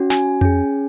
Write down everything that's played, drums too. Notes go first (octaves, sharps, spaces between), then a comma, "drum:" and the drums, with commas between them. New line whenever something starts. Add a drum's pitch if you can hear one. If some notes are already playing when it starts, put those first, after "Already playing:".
Already playing: C#4 F#4
G#5, drum: snare
C#4 G#4, drum: tom F2